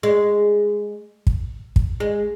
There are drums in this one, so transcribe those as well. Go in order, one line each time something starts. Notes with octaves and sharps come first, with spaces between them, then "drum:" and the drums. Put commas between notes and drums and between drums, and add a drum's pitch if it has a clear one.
G#3
drum: kick
drum: kick
G#3